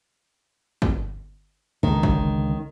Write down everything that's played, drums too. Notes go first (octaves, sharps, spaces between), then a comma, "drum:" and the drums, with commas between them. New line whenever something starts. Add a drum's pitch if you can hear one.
drum: kick G1
C#2 D3 D#3
drum: kick G1